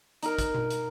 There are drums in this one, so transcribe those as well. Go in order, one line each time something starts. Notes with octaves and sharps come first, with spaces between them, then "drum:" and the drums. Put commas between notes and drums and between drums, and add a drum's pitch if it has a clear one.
D#4 A#4, drum: hi-hat
drum: kick, hi-hat
drum: tom B2
drum: hi-hat